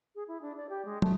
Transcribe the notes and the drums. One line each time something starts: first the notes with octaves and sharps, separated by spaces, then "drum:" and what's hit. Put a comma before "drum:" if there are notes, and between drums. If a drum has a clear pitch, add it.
G#4
E4
D4
D5
G4
G#3
A3, drum: tom